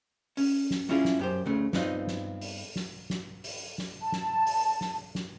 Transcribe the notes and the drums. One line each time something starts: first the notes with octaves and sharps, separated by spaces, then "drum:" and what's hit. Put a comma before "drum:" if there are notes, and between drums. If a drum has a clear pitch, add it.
C#4, drum: open hi-hat
drum: snare
G3 C#4 E4 F4 G#4
drum: snare
F#2 G4 C5
D2 C#3 A3
G2 B3 C4 D#4 F4, drum: snare
drum: snare
drum: open hi-hat
drum: snare
drum: snare
drum: open hi-hat
drum: snare
A5
drum: snare
drum: open hi-hat
drum: snare
drum: snare